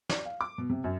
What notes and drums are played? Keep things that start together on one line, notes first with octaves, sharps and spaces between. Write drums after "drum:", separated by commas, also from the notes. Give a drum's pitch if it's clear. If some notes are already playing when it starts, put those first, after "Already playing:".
D5, drum: snare
F5
D6
B2
C3
F#2